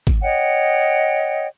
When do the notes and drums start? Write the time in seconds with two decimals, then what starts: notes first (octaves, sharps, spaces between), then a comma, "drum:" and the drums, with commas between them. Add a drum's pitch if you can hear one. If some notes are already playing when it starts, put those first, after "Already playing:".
0.07 drum: kick
0.22 C#5 D#5 F#5 G5